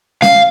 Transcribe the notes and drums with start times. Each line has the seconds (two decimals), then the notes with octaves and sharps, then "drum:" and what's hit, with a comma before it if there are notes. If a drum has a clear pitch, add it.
0.22 F5, drum: snare C#4